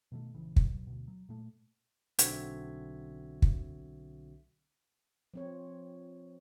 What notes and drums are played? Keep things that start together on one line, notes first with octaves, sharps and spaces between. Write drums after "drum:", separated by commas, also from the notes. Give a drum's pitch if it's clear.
B2 D#3 G#3 A3
A#1 C#3 E3
G2 B2 F#3, drum: kick
D2 B2
F#3
A#2 A3
B1 D3 C4 F#4 E5 G#6, drum: hi-hat
drum: kick
F3 C4 C#5